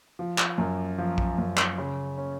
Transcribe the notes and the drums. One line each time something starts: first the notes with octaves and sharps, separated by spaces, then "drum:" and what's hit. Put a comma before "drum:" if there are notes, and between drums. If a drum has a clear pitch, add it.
F3
drum: clap
F#2
F3
drum: kick A#1
F#2
drum: clap
C#3
C#4